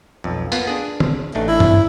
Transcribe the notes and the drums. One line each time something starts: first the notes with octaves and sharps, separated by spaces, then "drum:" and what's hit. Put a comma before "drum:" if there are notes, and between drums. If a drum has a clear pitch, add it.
B1 F2
A#3 B3 F4, drum: tambourine
D4 G#4
drum: tom
A1 A3 D4 D#4
E4
drum: tom G2